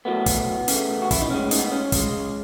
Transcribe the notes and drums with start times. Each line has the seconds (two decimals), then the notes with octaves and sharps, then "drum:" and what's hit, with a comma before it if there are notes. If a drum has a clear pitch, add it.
0.05 A2 F#3 A3 B3
0.26 drum: kick, hi-hat
0.68 C#3 E3 A3, drum: hi-hat
1.02 F#4
1.11 E4, drum: kick, hi-hat
1.21 D#4
1.30 A2 G#3 C#4
1.51 B3 D#4, drum: hi-hat
1.71 C#4
1.92 C#3 G#3, drum: kick, hi-hat